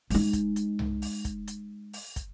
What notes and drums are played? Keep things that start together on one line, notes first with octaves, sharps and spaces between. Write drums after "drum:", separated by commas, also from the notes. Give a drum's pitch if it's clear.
G#3 D#4, drum: open hi-hat
drum: kick, hi-hat
drum: hi-hat
drum: tom C2
drum: open hi-hat
drum: kick, hi-hat
drum: hi-hat
drum: open hi-hat
drum: kick, hi-hat